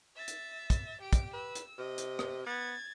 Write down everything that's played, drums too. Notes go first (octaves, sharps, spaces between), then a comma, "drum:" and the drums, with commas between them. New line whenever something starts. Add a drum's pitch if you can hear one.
E5 A6
drum: hi-hat
drum: kick, hi-hat
G4 D7
drum: kick, hi-hat
B4 E6
drum: hi-hat
C3 D#5
drum: hi-hat
drum: rim click
B3 G#6 A6